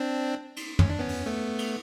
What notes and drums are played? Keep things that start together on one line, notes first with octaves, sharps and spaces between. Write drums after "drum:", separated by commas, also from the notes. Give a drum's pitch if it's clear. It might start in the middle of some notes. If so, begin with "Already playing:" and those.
Already playing: C4 D4
drum: cymbal
C#4, drum: tom
D4
B3 C#4
drum: open hi-hat
A3 B3
drum: cymbal